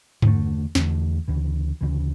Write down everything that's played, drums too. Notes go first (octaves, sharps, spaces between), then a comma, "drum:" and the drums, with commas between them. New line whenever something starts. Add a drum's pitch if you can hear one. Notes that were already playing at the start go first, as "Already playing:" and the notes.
E2 D3 A3, drum: tom G2
E2 D3 A3, drum: snare
D2 C#3 E3
D2 C#3 E3